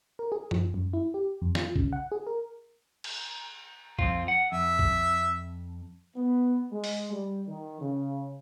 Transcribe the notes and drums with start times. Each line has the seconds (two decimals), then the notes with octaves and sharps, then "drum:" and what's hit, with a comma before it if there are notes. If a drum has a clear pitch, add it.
0.19 A#4
0.32 G#4
0.51 F3, drum: tom F#2
0.74 F#2
0.93 E4
1.14 G4
1.42 F2
1.55 F4, drum: snare
1.76 C#3, drum: kick
1.93 F#5
2.12 G#4
2.27 A#4
3.04 drum: cymbal
3.99 F2 C4 F4, drum: kick
4.28 F#5
4.52 F2 E5
4.79 drum: kick
6.16 B3
6.72 G#3
6.84 drum: open hi-hat
7.12 G3
7.47 D#3
7.81 C#3